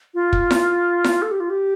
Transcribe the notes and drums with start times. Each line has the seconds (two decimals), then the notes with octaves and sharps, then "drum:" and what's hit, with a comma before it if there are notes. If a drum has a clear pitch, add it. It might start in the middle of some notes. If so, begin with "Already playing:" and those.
0.14 F4
0.33 drum: kick
0.51 drum: snare E4
1.04 drum: snare E4
1.22 A4
1.31 G4
1.40 F4
1.50 G4